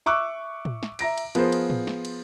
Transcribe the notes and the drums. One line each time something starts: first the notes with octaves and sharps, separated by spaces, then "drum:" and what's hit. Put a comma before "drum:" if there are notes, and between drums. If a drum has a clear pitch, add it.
E5 C#6 D6 E6 F#6
drum: tom A2
drum: snare
E5 A#5 A#6 D7, drum: cymbal
drum: cymbal
F3 B3 G#4 A#4 C5, drum: cymbal
drum: cymbal
drum: tom A2
drum: snare
drum: cymbal